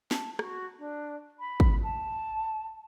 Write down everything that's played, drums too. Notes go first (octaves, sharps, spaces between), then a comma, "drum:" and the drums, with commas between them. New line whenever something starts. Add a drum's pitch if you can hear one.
A5, drum: snare
F#4, drum: rim click
D4
B5
drum: kick
A5